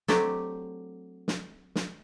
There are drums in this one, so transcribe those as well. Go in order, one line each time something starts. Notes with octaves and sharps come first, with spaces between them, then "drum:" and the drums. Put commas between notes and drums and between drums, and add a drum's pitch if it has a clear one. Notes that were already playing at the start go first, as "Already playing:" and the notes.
F#3 A3 C4 D4 G4, drum: snare
drum: snare
drum: snare